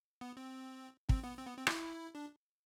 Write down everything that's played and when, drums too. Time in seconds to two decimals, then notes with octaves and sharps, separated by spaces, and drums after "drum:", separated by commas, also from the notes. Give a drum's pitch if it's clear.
0.21 B3
0.37 C4
1.09 C4, drum: kick
1.24 B3
1.38 C4
1.47 B3
1.58 C4
1.67 E4, drum: rim click
2.15 D4